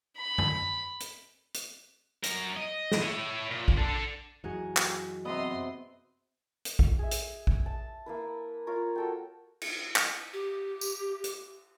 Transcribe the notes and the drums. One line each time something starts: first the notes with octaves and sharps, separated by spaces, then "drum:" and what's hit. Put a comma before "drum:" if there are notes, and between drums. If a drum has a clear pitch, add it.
B5
drum: tom F#2
drum: hi-hat
drum: hi-hat
F#3 A#4, drum: hi-hat
D#5
drum: snare
E4 C#5
A#2
drum: kick A1
D4 A4
F#2 E3 D#4 F#4 G#4
drum: clap
C3 B3 D#5 C6
drum: hi-hat
drum: kick A1
G#4 E5
drum: hi-hat
drum: kick A1
A5
A#3 E4 B4
F4 A#4 C#5
F#4 A4 G5
drum: cymbal
drum: clap
G4
drum: tambourine
drum: hi-hat